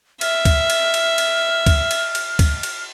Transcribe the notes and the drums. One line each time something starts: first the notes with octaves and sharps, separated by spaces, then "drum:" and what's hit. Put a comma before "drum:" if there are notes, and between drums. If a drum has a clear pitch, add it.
E5 F6, drum: cymbal
drum: kick D2, cymbal
drum: cymbal
drum: cymbal
drum: cymbal
drum: kick D2, cymbal
drum: cymbal
drum: cymbal
drum: kick D2, cymbal
drum: cymbal